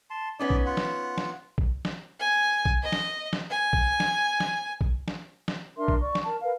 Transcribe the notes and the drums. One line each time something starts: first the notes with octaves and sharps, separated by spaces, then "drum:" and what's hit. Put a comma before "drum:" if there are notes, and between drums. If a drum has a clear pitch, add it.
A5 C6
B3 C#4 D#4 D5
drum: kick
F4 F#5
drum: snare
drum: snare
drum: kick
drum: snare
G#5
drum: kick
D#5
drum: snare
drum: snare
G#5
drum: kick
drum: snare
drum: snare
drum: kick
drum: snare
drum: snare
D4 A#4 E5 C6
drum: kick
D5 C#6
drum: snare
A#4 A5
A#4 B4 F5